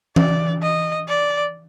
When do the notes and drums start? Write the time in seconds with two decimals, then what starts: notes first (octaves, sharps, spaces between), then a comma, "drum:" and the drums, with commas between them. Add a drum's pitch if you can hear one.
0.16 D5, drum: tom E3
0.62 D#5
1.08 D5